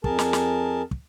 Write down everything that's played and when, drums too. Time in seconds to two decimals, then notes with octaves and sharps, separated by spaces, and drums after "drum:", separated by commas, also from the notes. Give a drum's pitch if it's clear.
0.04 F2 G#4 A#4 A5, drum: kick
0.19 drum: snare
0.33 drum: snare
0.91 drum: kick